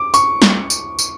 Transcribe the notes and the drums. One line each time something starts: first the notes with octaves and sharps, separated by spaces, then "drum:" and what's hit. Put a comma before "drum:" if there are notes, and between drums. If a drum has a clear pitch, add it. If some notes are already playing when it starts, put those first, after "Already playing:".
Already playing: D6
C#6, drum: tambourine
drum: snare
drum: tambourine
drum: tambourine